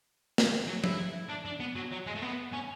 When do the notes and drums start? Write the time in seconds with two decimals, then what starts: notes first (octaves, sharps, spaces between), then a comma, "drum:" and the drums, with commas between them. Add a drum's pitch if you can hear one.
0.38 drum: snare
0.67 F#3
0.84 E4, drum: tom F3
1.29 D4
1.45 D4
1.60 B3
1.75 F#3
1.92 F#3
2.06 G#3
2.15 A3
2.22 B3
2.53 C#4